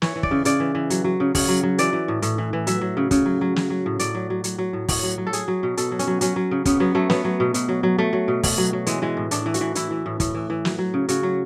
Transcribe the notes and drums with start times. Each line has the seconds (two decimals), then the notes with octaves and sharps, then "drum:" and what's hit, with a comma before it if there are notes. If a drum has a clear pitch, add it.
0.02 E3 C#5, drum: snare
0.16 E3
0.23 D5, drum: kick
0.31 C#3
0.45 C#3 D5, drum: hi-hat
0.60 E3
0.75 E3
0.90 F#3, drum: hi-hat
1.04 F#3
1.20 C#3
1.35 C#3 C#5, drum: kick, open hi-hat
1.48 F#3
1.63 F#3
1.78 E3 D5, drum: hi-hat
1.93 E3
2.08 A2
2.22 A2, drum: hi-hat
2.38 E3
2.53 E3
2.67 F#3 E5, drum: hi-hat
2.81 F#3
2.97 C#3
3.11 C#3, drum: kick, hi-hat
3.26 F#3
3.41 F#3
3.56 F#3, drum: snare
3.70 F#3
3.86 A2
3.99 A2 D5, drum: hi-hat
4.15 F#3
4.30 F#3
4.44 F#3, drum: hi-hat
4.58 F#3
4.73 A2
4.89 A2 C#5, drum: kick, open hi-hat
5.03 F#3
5.18 F#3
5.27 A4
5.33 F#3 G#4, drum: hi-hat
5.48 F#3
5.63 B2
5.77 B2 A4, drum: hi-hat
5.92 F#3
5.99 C#4, drum: hi-hat
6.07 F#3
6.21 F#3 C#4, drum: hi-hat
6.36 F#3
6.51 C#3
6.65 C#3 B3, drum: kick, hi-hat
6.80 F#3 B3
6.95 F#3 A3
7.10 F#3 B3, drum: snare
7.25 F#3
7.40 B2
7.54 B2, drum: hi-hat
7.68 F#3
7.83 F#3
7.98 F#3 A3
8.13 F#3
8.28 B2
8.43 B2, drum: kick, open hi-hat
8.58 F#3
8.73 F#3
8.86 E3 G#3, drum: hi-hat
9.02 E3 G#3
9.17 A2
9.31 A2 D4, drum: hi-hat
9.46 E3
9.54 F#4, drum: hi-hat
9.61 E3
9.75 E3 E4, drum: hi-hat
9.91 E3
10.06 A2
10.20 A2, drum: kick, hi-hat
10.35 E3
10.50 E3
10.65 F#3, drum: snare
10.79 F#3
10.94 C#3
11.09 C#3 F#4, drum: hi-hat
11.23 F#3